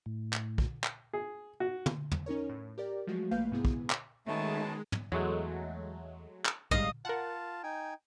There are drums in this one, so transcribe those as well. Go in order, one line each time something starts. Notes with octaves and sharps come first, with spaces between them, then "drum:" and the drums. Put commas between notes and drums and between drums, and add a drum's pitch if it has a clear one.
A2
drum: clap
drum: kick
drum: clap
G#4
F#4
drum: tom
drum: tom
C#4 D#4 A#4 C#5
A2
G4 A#4 D5
F3 F#3 G#3 A3 F#4
B1 A3 A#3 B4 F5 G6
G#2 C3 B3 E4 G#4
drum: kick
drum: clap
B2 D#3 G#3 A3 C#4 A5
drum: tom
E2 F#3 G#3 A3
drum: clap
G#1 G#2 G3 D#5 F5, drum: kick
F4 A#4 F#5 A5
D#4 G5 G#5